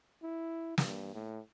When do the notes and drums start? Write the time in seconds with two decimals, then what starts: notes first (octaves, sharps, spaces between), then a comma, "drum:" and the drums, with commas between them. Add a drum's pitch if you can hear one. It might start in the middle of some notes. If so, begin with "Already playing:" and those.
0.23 E4
0.78 G2, drum: snare
1.14 A2